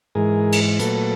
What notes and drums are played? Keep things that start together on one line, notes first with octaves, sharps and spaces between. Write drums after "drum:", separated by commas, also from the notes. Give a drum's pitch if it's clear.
G#2 E3 G#3 G#4 A#4
drum: cymbal
A#2 F#3 A3 A4 B4, drum: hi-hat